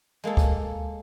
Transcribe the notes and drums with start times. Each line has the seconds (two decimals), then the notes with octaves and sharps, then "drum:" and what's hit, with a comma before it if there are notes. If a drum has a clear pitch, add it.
0.24 G#3 A#3 G#4 A4
0.37 drum: kick